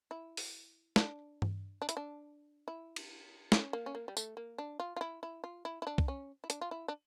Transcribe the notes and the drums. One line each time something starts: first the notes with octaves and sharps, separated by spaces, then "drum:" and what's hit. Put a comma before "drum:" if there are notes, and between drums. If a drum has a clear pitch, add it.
E4
drum: open hi-hat
D4, drum: snare
drum: tom G2
D4
E4, drum: hi-hat
D4
E4
drum: cymbal
C#4, drum: snare
A#3
C#4
A#3
G3
A3, drum: tambourine
A#3
D4
F4
F4
E4
E4
F4
E4
E4
D4
drum: kick
C#4
E4
D4, drum: hi-hat
F4
E4
D4